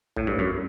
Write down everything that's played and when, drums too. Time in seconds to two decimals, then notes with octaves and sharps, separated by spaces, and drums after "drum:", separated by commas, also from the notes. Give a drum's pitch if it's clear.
0.16 A2, drum: kick
0.27 G2
0.39 F#2